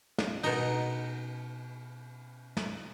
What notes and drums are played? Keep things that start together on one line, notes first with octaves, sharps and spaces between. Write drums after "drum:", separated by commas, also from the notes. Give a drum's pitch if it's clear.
drum: snare
B2 D#4, drum: cymbal
drum: snare